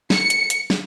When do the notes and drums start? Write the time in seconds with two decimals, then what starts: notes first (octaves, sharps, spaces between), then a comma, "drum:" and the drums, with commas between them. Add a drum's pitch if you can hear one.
0.10 C#7, drum: snare
0.30 drum: hi-hat
0.50 drum: hi-hat
0.70 drum: snare